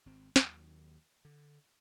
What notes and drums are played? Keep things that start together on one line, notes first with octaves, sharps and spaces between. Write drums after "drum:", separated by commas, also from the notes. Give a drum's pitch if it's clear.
G#1 C4
D#2 D#3 F#3, drum: snare
D3